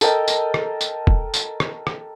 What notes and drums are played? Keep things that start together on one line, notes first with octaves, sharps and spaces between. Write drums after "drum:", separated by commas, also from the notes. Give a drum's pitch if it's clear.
A4 A#4 D#5 G5, drum: tambourine
drum: tambourine
drum: rim click
drum: tambourine
drum: kick
drum: tambourine
drum: rim click
drum: rim click